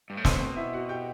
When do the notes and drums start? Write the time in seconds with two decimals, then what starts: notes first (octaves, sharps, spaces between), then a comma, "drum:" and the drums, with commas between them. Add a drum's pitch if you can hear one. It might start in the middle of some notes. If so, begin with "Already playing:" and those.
0.10 G2
0.17 A2
0.25 B2 C4 C5, drum: snare
0.40 C4 C5
0.56 E4 E5
0.73 F#4 F#5
0.89 G4 G5